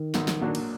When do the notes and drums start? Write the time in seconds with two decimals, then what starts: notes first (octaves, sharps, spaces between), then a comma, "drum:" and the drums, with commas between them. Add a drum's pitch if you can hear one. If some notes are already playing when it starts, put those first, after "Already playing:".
Already playing: D#3
0.14 B1, drum: snare
0.28 drum: snare
0.41 A#2 F#3 A#3 D4
0.55 drum: cymbal